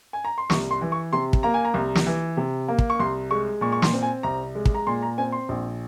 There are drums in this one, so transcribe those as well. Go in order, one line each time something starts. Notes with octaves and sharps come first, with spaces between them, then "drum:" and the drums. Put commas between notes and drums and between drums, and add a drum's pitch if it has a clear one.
G#5
A#5
C6
C2 C#6, drum: snare
C6
E3
C#6
C3 C6
drum: kick
A#3 A#5
G#5
A#5
C2
drum: snare
E3
C3
A#3
drum: kick
C#6
C2 C6
G#3 C#6
A#2 C#6
C#6
C6, drum: snare
C4
G#5
C2 A#5
G#3
drum: kick
A#5
A#2 C6
A#5
C4 G#5
C6
A#1